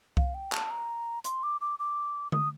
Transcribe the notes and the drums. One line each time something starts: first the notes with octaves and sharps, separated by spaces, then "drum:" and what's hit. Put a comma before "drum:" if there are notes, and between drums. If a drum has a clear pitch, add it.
F5, drum: kick C2
G5
A5, drum: clap
A#5
C6, drum: hi-hat
D6
D6
D6
D#6, drum: tom D3